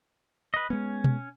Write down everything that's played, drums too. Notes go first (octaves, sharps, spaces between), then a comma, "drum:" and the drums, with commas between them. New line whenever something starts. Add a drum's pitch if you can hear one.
B4 D#5
G#3 B3 C#4
drum: tom B2